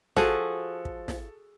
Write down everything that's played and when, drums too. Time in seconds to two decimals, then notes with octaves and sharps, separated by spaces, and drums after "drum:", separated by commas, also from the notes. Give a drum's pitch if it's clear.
0.16 F3 F#4 G#4 A4, drum: snare
0.85 drum: kick
1.08 drum: snare